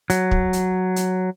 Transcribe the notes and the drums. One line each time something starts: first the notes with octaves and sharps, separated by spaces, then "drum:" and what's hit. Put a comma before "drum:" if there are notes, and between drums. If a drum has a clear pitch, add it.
F#3, drum: hi-hat
drum: kick
drum: hi-hat
drum: hi-hat